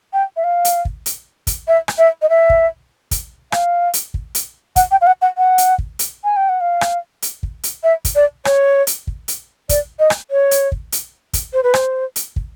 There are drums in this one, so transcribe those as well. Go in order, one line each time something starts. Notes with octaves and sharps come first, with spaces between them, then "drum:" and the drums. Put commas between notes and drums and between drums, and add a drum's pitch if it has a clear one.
G5
E5
F5
drum: hi-hat
drum: kick
drum: hi-hat
drum: kick, hi-hat
E5
drum: rim click
E5
D#5
E5
drum: kick
drum: kick, hi-hat
F5, drum: rim click
drum: hi-hat
drum: kick
drum: hi-hat
F#5, drum: kick, hi-hat
G5
F5
F#5
F#5
F#5
drum: hi-hat
drum: kick
drum: hi-hat
G#5
G5
F#5
F5
drum: rim click
drum: hi-hat
drum: kick
drum: hi-hat
E5
drum: kick, hi-hat
D5
C#5, drum: rim click
drum: hi-hat
drum: kick
drum: hi-hat
D5, drum: kick, hi-hat
D#5
drum: rim click
C#5
drum: hi-hat
drum: kick
drum: hi-hat
drum: kick, hi-hat
C5
B4
C5, drum: rim click
drum: hi-hat
drum: kick